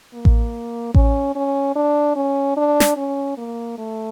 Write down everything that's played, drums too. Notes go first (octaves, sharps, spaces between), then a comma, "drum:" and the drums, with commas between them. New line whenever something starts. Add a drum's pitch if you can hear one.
A#3
drum: kick A1
C#4, drum: kick A1
C#4
D4
C#4
D4
drum: snare
C#4
A#3
A3